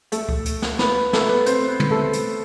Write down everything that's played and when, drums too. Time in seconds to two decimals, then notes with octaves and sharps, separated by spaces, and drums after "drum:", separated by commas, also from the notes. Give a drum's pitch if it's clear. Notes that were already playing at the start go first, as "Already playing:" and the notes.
0.12 A3 A4, drum: hi-hat
0.29 drum: kick C#2
0.45 drum: hi-hat
0.62 drum: snare
0.79 B3 B4, drum: snare
1.13 A3 A4, drum: snare
1.29 B3 B4
1.46 C4 C5, drum: hi-hat
1.68 B3 B4
1.80 drum: tom
1.91 A3 A4
2.13 drum: hi-hat